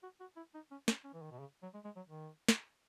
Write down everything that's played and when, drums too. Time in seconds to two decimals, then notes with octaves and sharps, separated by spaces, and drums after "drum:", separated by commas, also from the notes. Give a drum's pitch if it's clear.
0.03 F#4
0.21 F#4
0.36 E4
0.54 D#4
0.71 C#4
0.88 C#4, drum: snare
1.05 C#4
1.14 E3
1.22 D#3
1.31 B2
1.40 C#3
1.63 F#3
1.74 G#3
1.85 G#3
1.96 F#3
2.08 D#3
2.49 drum: snare